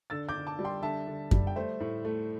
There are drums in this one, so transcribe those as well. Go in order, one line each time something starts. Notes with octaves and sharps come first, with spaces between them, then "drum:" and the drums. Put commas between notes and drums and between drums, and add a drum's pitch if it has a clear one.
D3 E6 A6
D6 G6
D3
A5 D6
G3
G5 C6
D3 E5 A5
D3
G3, drum: kick F#2
G5
A3 C5 E5
A2
A3